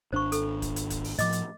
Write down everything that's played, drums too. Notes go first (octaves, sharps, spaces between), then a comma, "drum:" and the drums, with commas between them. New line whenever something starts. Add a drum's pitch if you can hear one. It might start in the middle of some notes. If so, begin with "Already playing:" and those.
G#1 D4 C5 C#6
A4, drum: hi-hat
drum: kick, hi-hat
drum: hi-hat
drum: kick, hi-hat
drum: open hi-hat
A2 F3 D#5 D6, drum: hi-hat
drum: hi-hat